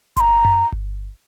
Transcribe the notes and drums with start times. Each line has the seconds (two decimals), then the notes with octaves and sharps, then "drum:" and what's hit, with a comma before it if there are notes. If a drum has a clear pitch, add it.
0.17 C6, drum: kick G1, hi-hat
0.20 A#5
0.45 drum: tom F#2
0.72 drum: kick G1